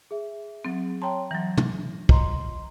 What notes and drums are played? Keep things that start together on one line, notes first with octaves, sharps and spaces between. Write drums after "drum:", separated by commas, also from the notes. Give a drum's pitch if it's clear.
G#4 E5
F#3 C4
C#5 G5 A5 A#5 C6
E3 F#3 A#6
drum: tom
D#5 A#5 C6, drum: kick